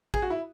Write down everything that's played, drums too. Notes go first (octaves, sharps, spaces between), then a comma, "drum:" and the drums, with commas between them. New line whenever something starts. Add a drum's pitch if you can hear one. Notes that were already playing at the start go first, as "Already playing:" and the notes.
G#4, drum: kick
F#4
E4